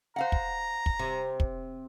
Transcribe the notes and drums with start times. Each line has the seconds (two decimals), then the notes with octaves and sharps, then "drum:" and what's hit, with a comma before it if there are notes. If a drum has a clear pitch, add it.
0.16 C5 F5 F#5 A#5
0.32 drum: kick
0.86 drum: kick
0.99 C3
1.40 drum: kick